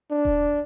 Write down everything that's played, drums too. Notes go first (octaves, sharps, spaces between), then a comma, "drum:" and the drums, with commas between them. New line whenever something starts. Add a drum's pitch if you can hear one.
D4
drum: kick D#1